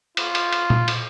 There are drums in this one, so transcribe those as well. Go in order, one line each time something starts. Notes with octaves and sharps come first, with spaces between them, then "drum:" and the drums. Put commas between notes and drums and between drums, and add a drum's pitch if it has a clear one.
F4, drum: cymbal
drum: cymbal
drum: cymbal
drum: tom A#2
drum: cymbal